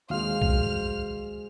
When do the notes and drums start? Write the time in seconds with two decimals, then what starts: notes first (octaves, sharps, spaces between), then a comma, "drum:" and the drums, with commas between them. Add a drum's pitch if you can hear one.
0.10 D#2 F#3 G#3 C5 F5 F6 F7
0.42 drum: kick B1